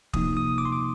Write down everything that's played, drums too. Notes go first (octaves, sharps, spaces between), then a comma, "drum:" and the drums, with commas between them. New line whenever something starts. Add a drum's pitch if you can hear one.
C3 F3 A#3 D#4 D#6, drum: kick
D#6
D6
C6
D6